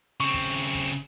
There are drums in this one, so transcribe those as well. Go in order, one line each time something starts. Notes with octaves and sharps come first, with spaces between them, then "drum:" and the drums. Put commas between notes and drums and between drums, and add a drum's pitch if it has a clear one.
C#3 C4 C#6, drum: hi-hat
drum: kick, hi-hat
drum: hi-hat
drum: open hi-hat
drum: kick, hi-hat
drum: hi-hat